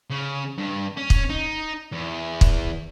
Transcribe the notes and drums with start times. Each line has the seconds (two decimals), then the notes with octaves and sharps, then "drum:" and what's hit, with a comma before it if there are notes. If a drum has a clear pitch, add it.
0.10 C#3
0.58 G2
0.97 C#4
1.10 drum: kick
1.30 D#4
1.92 E2
2.41 drum: kick